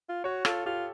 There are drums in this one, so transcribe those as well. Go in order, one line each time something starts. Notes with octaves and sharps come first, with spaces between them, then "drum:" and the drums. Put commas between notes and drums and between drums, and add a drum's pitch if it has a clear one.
F4
F#4 C#5
F4 A4, drum: rim click
F4 G4